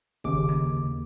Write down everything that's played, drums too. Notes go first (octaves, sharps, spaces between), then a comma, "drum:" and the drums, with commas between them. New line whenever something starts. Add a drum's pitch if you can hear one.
D#2 C#3 D6, drum: kick
drum: rim click